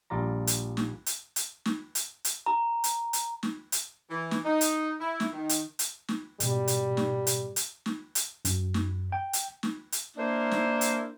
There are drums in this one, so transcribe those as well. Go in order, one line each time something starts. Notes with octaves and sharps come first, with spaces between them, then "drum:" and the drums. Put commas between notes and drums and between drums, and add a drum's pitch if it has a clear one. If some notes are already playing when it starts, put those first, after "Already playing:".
A#1 G3 F4 D5 A#5
drum: hi-hat
drum: snare
drum: hi-hat
drum: hi-hat
drum: snare
drum: hi-hat
drum: hi-hat
A#5
drum: hi-hat
drum: hi-hat
drum: snare
drum: hi-hat
E3
drum: snare
D#4
drum: hi-hat
E4
drum: snare
D#3
drum: hi-hat
drum: hi-hat
drum: snare
G#2 B2 G3, drum: hi-hat
drum: hi-hat
drum: snare
drum: hi-hat
drum: hi-hat
drum: snare
drum: hi-hat
F#2, drum: hi-hat
drum: snare
G5
drum: hi-hat
drum: snare
drum: hi-hat
A#3 D4 E4 A#4 C5
drum: snare
drum: hi-hat